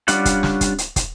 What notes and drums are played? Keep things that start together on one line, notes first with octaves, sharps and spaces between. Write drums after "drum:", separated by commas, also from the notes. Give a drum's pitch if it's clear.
G3 C#4 D4 F4 F#5, drum: hi-hat
drum: kick, hi-hat
drum: snare
drum: kick, hi-hat
drum: hi-hat
drum: kick, hi-hat